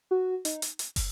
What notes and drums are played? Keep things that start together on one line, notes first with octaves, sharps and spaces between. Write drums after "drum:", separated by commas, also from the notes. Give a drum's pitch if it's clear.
F#4
D#4, drum: hi-hat
drum: hi-hat
drum: hi-hat
drum: kick, open hi-hat